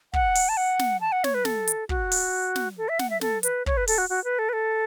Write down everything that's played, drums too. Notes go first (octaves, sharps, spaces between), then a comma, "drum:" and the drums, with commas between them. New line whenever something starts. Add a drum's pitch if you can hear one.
F#5, drum: kick
drum: open hi-hat
A5
F#5
drum: snare
A5
F#5
C#5, drum: snare
B4
A4, drum: snare
drum: hi-hat
F#4, drum: kick
drum: open hi-hat
drum: snare
A4
E5
F#5, drum: snare
E5
A4, drum: snare
B4, drum: hi-hat
C#5, drum: kick
B4
A4, drum: open hi-hat
F#4
F#4
B4
A4
B4
A4